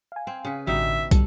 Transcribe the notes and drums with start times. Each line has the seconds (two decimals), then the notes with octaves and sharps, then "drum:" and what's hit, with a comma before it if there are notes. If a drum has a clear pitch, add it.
0.12 F5 G#5
0.27 C4
0.45 C#3 B4
0.67 A1 B2 D3 G3 D#4 E5
1.11 C#2 G3 A4, drum: kick, hi-hat